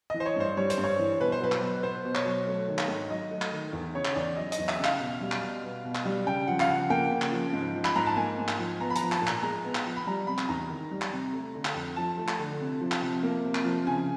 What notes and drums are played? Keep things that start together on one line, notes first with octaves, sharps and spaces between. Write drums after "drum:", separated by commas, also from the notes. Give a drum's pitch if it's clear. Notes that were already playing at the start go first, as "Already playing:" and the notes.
E3 D#5
C5
C#5
G2 C5
G3 C#5
C5, drum: hi-hat
G2
C#5
E3
B2 B4
C5
F#3 B4
drum: clap
B2
B3 C5
B2
C#5, drum: clap
F#3
A3
D#3
drum: clap
G#2
F#3 D#5
A3
drum: clap
D#3
E2
C#3 C#5
drum: clap
E2 D5
F#3 D#5
D#5, drum: hi-hat
E2
E5, drum: clap
C#3
F5, drum: clap
B2
G3
drum: clap
B2
B3
B2
drum: clap
G3
C#3 G5
F3 F#5
F5, drum: clap
C#3 F#5
A#3 G5
C#3
drum: clap
F3
G#2
F3
B5, drum: clap
G#2 A#5
A5
A#3 G#5
G#2
drum: clap
F3
B3 A#5
B5
A#5, drum: hi-hat
F3
A5, drum: clap
A#2
A#5, drum: clap
G#3 A#5
B3
drum: clap
F3
B5
G3 A#5
C3 B5
drum: clap
E2 A#5
D#3
G3
drum: clap
C3
A3
D3
drum: clap
F2
F3 A5
A3
drum: clap
D3
C3
F3
drum: clap
C3
A#3
C3
drum: clap
F3
C#3 G#5